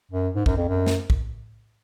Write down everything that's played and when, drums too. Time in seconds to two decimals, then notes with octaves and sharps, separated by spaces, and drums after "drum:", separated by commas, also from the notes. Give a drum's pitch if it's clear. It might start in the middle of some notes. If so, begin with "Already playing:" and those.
0.11 F#2
0.35 G#2
0.46 F#2, drum: kick
0.57 F2
0.68 F#2
0.86 drum: snare
1.10 drum: kick